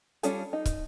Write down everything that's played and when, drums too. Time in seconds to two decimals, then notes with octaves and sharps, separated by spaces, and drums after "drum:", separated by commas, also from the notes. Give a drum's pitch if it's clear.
0.23 G3 C#4 D4 F4 A4, drum: hi-hat
0.53 D#4
0.66 drum: kick, hi-hat